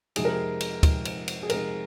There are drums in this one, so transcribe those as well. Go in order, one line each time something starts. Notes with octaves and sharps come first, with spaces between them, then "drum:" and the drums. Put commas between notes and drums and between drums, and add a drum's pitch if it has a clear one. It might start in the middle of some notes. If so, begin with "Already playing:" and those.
F2 C3 G#3 D#4 G#4, drum: cymbal
A#4
G#4
drum: cymbal
F2 C3 G#3 D#4, drum: kick, cymbal
drum: cymbal
drum: cymbal
G#4
F2 C3 G#3 D#4 A#4, drum: cymbal